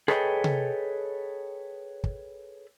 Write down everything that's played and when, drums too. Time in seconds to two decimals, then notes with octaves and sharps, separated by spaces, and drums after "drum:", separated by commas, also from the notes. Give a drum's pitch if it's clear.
0.08 G#4 A4 B4 C#5 D#5 G5, drum: rim click
0.44 drum: tom C3
2.04 drum: kick